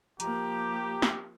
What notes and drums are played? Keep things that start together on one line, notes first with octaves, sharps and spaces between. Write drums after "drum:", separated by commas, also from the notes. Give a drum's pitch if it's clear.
F3 A#3 G4 A#5, drum: hi-hat
drum: snare